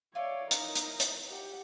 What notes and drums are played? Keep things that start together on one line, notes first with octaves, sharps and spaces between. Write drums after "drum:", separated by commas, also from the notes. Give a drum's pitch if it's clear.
E4 F4 C#5 D5
D#4 A#4, drum: hi-hat
drum: hi-hat
drum: hi-hat
G4 F#5